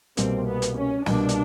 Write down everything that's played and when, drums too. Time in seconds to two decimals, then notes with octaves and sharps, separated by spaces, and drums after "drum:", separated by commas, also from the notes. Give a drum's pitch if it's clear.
0.17 C2 B2 G3 A#3 C4, drum: hi-hat
0.48 B3
0.62 drum: hi-hat
0.77 C#4
1.06 C2 B2 G3 A#3 D4, drum: snare
1.29 drum: hi-hat